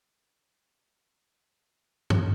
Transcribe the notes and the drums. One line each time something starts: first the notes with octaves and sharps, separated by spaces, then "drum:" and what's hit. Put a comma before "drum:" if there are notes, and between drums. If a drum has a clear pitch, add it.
C#2
F#3 B5
D#3
B5
F#3
F#2 D#6
B3 E6
F#3
B3
B3
E3 G#6
A2
E3
drum: tom G2